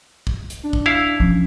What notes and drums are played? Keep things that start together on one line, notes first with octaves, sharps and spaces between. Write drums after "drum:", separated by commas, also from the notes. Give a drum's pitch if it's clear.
drum: kick
drum: hi-hat
D4
drum: kick
E4 F5
F3 C#4